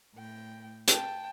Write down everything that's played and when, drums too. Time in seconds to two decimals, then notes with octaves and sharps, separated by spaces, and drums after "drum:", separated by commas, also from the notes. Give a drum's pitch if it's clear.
0.14 A2 G5
0.88 G5 A5, drum: hi-hat